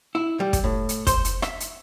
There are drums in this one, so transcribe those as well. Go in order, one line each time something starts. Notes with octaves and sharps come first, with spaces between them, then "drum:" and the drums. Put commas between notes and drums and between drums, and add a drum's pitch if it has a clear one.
E4
G3
drum: kick, hi-hat
A2
drum: hi-hat
C5, drum: kick, hi-hat
drum: hi-hat
E5, drum: rim click
drum: hi-hat